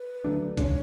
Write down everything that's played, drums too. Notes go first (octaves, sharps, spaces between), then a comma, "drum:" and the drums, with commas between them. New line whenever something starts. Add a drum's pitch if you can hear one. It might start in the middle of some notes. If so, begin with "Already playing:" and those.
Already playing: B4
D3 F#3 A3 D4
C#3 G#3 D4 C#5 D5, drum: kick, hi-hat